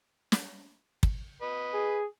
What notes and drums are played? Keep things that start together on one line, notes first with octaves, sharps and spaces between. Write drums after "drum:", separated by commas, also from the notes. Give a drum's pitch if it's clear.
drum: snare
drum: kick
B4 D#5
G#4